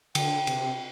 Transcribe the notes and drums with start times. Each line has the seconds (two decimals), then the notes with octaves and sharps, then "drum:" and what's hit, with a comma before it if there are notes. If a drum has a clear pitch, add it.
0.15 D3 G5, drum: cymbal
0.47 C3, drum: cymbal